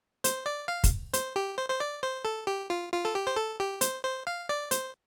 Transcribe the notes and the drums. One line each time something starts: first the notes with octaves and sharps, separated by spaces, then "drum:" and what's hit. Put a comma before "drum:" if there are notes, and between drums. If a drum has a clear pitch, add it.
C5, drum: hi-hat
D5
F5
drum: kick, hi-hat
C5, drum: hi-hat
G4
C5
C5
D5
C5
A4
G4
F4
F4
A4
G4
C5
A4
G4
C5, drum: hi-hat
C5
F5
D5
C5, drum: hi-hat